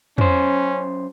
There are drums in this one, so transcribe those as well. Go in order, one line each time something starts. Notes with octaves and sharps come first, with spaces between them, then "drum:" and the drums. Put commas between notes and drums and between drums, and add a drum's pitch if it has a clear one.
F#2 C#4 C5, drum: tom